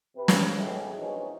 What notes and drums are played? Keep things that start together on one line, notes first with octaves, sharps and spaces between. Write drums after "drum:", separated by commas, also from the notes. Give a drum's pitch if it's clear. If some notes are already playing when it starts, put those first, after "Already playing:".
C3 B4
drum: snare
B1 A2 D#4 E4 G4 G#4
A#1 E3 F#3 C4 C#4 D#4